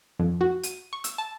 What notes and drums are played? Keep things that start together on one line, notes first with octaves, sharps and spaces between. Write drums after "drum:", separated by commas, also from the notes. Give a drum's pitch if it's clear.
F2
F#4
D#7, drum: hi-hat
C#6
E6, drum: hi-hat
A5